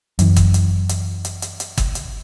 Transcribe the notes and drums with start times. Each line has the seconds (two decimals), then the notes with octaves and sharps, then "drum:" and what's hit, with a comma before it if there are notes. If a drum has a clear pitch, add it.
0.19 F#2 E3, drum: hi-hat
0.36 drum: kick G1, hi-hat
0.54 drum: hi-hat
0.89 drum: hi-hat
1.25 drum: hi-hat
1.42 drum: hi-hat
1.60 drum: hi-hat
1.78 drum: kick G1, hi-hat
1.95 drum: hi-hat